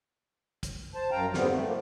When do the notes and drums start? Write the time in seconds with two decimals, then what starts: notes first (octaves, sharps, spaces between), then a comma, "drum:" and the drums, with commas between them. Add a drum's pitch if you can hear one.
0.63 drum: kick, hi-hat
0.95 C5 A5
1.11 F#2 F5 G5 A#5
1.34 G#2 D3 G3 B3 C4, drum: snare
1.51 A3
1.65 F3 A#3